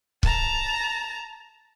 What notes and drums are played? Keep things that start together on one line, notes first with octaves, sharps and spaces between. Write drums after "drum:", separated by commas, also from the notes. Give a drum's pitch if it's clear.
A5 A#5, drum: kick